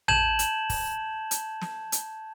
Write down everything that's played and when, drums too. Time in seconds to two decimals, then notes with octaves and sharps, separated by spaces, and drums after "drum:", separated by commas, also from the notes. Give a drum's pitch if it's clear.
0.08 A5 G6 G#6 E7 F#7, drum: tom A1
0.39 drum: hi-hat
0.70 drum: kick, open hi-hat
1.31 drum: hi-hat
1.62 drum: snare
1.92 drum: hi-hat